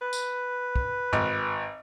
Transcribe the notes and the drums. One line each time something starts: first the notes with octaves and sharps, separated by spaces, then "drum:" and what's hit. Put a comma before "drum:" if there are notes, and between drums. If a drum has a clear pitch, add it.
B4
drum: tambourine
drum: kick
G#1, drum: tom